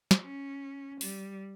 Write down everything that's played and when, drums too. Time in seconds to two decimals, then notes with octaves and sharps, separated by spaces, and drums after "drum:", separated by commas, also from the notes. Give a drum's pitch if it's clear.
0.11 drum: snare
0.22 C#4
1.01 G3, drum: open hi-hat